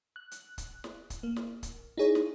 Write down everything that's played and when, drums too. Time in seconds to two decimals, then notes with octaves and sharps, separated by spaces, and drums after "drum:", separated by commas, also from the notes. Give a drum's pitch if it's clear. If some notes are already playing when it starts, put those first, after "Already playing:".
0.16 F#6
0.31 drum: hi-hat
0.58 drum: kick, hi-hat
0.84 drum: snare
1.10 drum: kick, hi-hat
1.23 A#3
1.36 drum: snare
1.63 drum: kick, hi-hat
1.98 D#4 E4 G#4 C#5
2.15 drum: snare